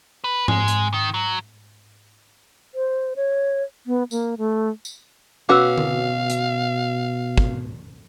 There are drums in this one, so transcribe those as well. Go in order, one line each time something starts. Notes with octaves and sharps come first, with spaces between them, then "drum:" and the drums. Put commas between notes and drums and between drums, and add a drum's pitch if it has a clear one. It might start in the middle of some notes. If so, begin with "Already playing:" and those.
B4
G#3, drum: tom G#2
drum: hi-hat
D#3
F#3
C5
C#5
B3
A#3, drum: tambourine
A3
drum: tambourine
B2 C#4 F#4 B4 F5 D6 E6
drum: tom D3
drum: hi-hat
drum: kick